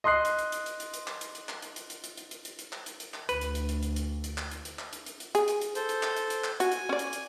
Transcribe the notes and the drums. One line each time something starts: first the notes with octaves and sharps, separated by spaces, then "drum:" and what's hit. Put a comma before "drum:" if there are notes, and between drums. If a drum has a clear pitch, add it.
D#5 C6 D#6 F#6 C7
drum: hi-hat
drum: hi-hat
drum: hi-hat
drum: hi-hat
drum: hi-hat
drum: hi-hat
drum: clap
drum: hi-hat
drum: hi-hat
drum: clap
drum: hi-hat
drum: hi-hat
drum: hi-hat
drum: hi-hat
drum: hi-hat
drum: hi-hat
drum: hi-hat
drum: hi-hat
drum: clap
drum: hi-hat
drum: hi-hat
drum: clap
D2 B4, drum: hi-hat
drum: hi-hat
drum: hi-hat
drum: hi-hat
drum: hi-hat
drum: hi-hat
drum: hi-hat
drum: clap
drum: hi-hat
drum: hi-hat
drum: clap
drum: hi-hat
drum: hi-hat
drum: hi-hat
G#4, drum: hi-hat
drum: hi-hat
drum: hi-hat
A4 C5, drum: hi-hat
drum: hi-hat
drum: clap
drum: hi-hat
drum: hi-hat
drum: clap
F#4 G#5, drum: hi-hat
drum: hi-hat
C#4 D5
drum: hi-hat
drum: hi-hat